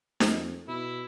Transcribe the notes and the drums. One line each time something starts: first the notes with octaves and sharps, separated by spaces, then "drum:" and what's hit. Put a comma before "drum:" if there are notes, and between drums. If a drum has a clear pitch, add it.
F2, drum: snare D#4
B2 E4